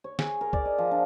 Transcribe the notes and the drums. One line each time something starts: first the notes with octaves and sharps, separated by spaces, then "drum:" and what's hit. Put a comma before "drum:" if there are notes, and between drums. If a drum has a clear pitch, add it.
C#5
G#4, drum: snare
A#4
D5, drum: kick
D#5
F3
D4